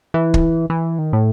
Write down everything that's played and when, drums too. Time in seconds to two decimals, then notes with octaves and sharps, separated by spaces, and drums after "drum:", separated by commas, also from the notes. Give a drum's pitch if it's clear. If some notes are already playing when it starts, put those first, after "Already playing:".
0.14 E3
0.34 drum: kick
0.70 E3
0.99 D#3
1.13 A2